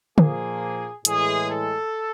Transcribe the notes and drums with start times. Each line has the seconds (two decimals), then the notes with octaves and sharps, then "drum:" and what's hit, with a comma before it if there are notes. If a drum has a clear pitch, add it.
0.18 A#2 F3 A#3 G#4, drum: tom
1.05 A2 E3 G#3 G#4, drum: hi-hat
1.49 A4